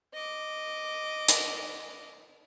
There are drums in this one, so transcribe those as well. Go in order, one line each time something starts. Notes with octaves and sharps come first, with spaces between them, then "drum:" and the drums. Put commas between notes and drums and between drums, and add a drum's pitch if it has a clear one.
D#5 D6
drum: hi-hat